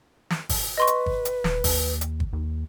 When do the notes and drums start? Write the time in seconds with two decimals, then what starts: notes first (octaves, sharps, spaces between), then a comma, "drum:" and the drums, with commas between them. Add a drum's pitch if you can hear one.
0.30 drum: snare
0.49 drum: kick, open hi-hat
0.77 B4 D#5 C6 C#6
0.87 drum: hi-hat
1.06 drum: kick
1.25 drum: hi-hat
1.44 D#1, drum: snare
1.64 D#2, drum: kick, open hi-hat
2.01 drum: hi-hat
2.20 drum: kick
2.33 D#2